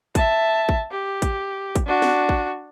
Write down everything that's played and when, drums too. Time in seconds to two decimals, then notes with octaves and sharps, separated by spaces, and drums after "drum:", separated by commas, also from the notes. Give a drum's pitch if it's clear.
0.15 E5 A5, drum: kick, hi-hat
0.69 drum: kick
0.91 G4
1.22 drum: kick, hi-hat
1.76 drum: kick, hi-hat
1.86 D4 F#4
2.02 drum: snare
2.29 drum: kick